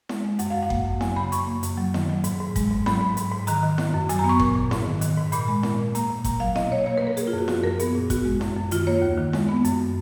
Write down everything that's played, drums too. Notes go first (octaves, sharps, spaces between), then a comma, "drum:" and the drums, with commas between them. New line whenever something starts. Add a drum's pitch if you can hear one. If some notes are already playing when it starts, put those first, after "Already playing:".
G#3, drum: snare E4
G#3
F#2 F#5, drum: hi-hat
F#2 F5
F#5
A#3, drum: kick G1
F#2
F#3 G#5, drum: snare E4
C#3 B5
F#2 C#6, drum: hi-hat
A#3
F#2, drum: hi-hat
F#3
D#3, drum: snare E4
F#3
G#2, drum: hi-hat
G#2
G#3, drum: kick G1, hi-hat
G#2
F#3 B5, drum: snare E4
G#2
G#2, drum: hi-hat
G#2
D#3 A#5, drum: hi-hat
D#3
D#3, drum: snare E4
F#2
F#3 G#5, drum: hi-hat
A#5
B3
C#6
A#2 C#6, drum: kick G1
A#2
G#2, drum: snare E4
D#3
D#3, drum: hi-hat
G#2
A#2 B5, drum: hi-hat
G#3
A#2, drum: snare E4
A#2
A#3 A#5, drum: hi-hat
A#2
A#2 A#5, drum: kick G1, hi-hat
F#3 F5
B2 D#5, drum: snare E4
A#3 C#5
A#3 C#5
B4
A#3
A#4
A#3 G#4, drum: hi-hat
F4
F#2 F#4
F3 F#4, drum: snare E4
F#2 A#4
B3 G#4, drum: hi-hat
A#2
B3 F#4, drum: kick G1, hi-hat
G#3
F#2, drum: snare E4
F#2
D#3 F4, drum: hi-hat
A#3 C#5
D#2
D#3
G#3, drum: snare E4
B3
F#2, drum: hi-hat